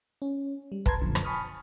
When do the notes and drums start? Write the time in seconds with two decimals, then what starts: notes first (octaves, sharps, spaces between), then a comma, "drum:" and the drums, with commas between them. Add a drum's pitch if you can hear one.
0.22 C#4
0.72 G3
0.86 B4 A5 A#5 C6 G#6, drum: kick
1.01 F#2 A#2 D3 F3
1.15 drum: rim click
1.25 G#5 A5 B5 C#6 D#6 F6